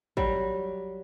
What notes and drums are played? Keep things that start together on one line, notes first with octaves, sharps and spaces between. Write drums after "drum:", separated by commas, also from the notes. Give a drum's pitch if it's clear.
F#3 G3, drum: kick